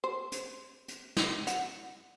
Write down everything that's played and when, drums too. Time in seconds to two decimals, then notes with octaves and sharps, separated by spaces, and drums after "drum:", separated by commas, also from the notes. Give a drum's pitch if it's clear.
0.04 C5
0.32 drum: hi-hat
0.88 drum: hi-hat
1.17 drum: snare
1.47 F#5, drum: hi-hat